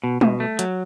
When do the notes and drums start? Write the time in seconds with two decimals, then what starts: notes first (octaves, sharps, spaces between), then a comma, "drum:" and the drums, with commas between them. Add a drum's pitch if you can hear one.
0.03 B2
0.21 B2, drum: tom G3
0.40 A3
0.59 F#3, drum: hi-hat